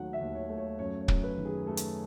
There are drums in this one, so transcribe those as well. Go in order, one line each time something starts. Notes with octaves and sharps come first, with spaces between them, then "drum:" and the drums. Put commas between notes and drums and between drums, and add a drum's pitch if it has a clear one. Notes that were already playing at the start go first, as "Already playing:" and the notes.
Already playing: D#2 D#3 F#3 A3 F#5
E5
D#2
C#5
A3
C#5
F#2 C#5
C#5
F#2, drum: kick
B4
D#3
G#4
A3 A4
drum: hi-hat